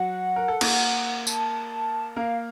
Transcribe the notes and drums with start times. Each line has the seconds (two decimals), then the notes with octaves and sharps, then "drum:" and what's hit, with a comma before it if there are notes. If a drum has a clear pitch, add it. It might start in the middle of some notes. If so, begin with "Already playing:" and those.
Already playing: F#3 F#4 F#5
0.36 A#4
0.48 A4
0.61 A#3 A#4, drum: cymbal
1.27 A5, drum: tambourine
2.16 A#3 A#4 F5